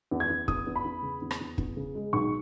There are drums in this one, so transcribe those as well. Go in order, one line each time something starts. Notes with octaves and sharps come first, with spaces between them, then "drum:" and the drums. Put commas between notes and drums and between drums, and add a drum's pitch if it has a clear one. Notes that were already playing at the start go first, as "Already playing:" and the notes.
E2
G#6
E2
E2 D#6, drum: kick
E2
B5
E2
C#3
E2
drum: rim click
E2
E2, drum: kick
C#3
G#3
B1 C#6